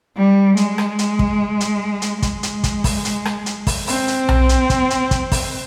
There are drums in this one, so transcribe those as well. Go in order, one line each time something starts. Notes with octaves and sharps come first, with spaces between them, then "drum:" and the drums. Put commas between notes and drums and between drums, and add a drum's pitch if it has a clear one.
G3
G#3, drum: hi-hat
drum: rim click
drum: hi-hat
drum: kick
drum: hi-hat
drum: hi-hat
G#3, drum: kick, hi-hat
drum: hi-hat
drum: kick, hi-hat
drum: kick, open hi-hat
drum: hi-hat
drum: rim click
drum: hi-hat
drum: kick, open hi-hat
C4, drum: open hi-hat
drum: hi-hat
drum: tom B1
drum: hi-hat
drum: kick, hi-hat
drum: hi-hat
drum: kick, hi-hat
drum: kick, open hi-hat